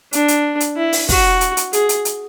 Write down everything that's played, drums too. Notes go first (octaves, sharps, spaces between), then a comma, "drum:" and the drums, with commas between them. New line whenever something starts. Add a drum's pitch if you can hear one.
D4, drum: hi-hat
drum: hi-hat
drum: hi-hat
E4
drum: open hi-hat
F#4, drum: kick, open hi-hat
drum: hi-hat
drum: hi-hat
G#4, drum: hi-hat
drum: hi-hat
drum: hi-hat